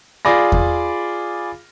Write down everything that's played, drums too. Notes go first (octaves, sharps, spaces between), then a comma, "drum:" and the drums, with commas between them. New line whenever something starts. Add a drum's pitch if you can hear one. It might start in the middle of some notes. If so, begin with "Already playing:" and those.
F4 G#4 D5 B5 A#6
drum: kick E2